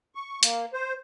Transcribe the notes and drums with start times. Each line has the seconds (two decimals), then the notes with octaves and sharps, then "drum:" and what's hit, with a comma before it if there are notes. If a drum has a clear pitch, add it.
0.15 C#6
0.43 A#3, drum: hi-hat
0.73 C5